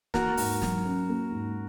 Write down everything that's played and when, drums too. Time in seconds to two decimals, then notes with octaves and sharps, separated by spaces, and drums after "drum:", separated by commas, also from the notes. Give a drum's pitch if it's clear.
0.14 A#3 F#4 A#4, drum: snare
0.37 G#2, drum: open hi-hat
0.62 F#3, drum: snare
0.85 C#4
1.09 A#3
1.32 G#2